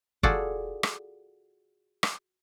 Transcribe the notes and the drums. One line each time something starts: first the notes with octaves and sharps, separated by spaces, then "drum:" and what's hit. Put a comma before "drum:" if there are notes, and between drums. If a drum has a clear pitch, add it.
F4 F#4 G#4 A4 D5, drum: kick
drum: rim click
drum: rim click